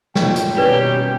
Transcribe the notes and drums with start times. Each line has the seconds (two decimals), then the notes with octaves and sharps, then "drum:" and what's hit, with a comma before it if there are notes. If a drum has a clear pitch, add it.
0.15 F#2 A#2 G5, drum: snare
0.36 drum: hi-hat
0.57 B2 D#3 G3 C#4 E4 G4 B4 D5